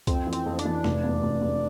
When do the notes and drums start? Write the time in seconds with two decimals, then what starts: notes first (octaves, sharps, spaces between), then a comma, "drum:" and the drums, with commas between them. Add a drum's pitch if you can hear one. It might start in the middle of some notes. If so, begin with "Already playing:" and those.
0.07 F2 C4, drum: kick C2, hi-hat
0.27 E3
0.33 C4, drum: hi-hat
0.46 F2
0.59 D4, drum: hi-hat
0.65 E3
0.84 F1, drum: snare
1.04 E2
1.23 F1
1.41 F1